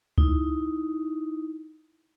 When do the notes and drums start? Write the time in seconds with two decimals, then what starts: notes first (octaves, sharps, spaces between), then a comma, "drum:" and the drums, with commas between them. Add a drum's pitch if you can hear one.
0.18 D#4 E4, drum: kick C#2